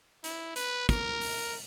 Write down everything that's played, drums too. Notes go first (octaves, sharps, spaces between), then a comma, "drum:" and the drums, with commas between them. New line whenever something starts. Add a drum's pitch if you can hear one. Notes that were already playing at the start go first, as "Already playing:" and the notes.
E4, drum: hi-hat
B4, drum: hi-hat
A#4, drum: kick, hi-hat
drum: open hi-hat